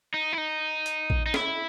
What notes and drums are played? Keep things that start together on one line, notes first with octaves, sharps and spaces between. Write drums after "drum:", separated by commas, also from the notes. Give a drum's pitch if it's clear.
D#4
E4
D#4
drum: hi-hat
drum: kick A1
D#4
E4, drum: snare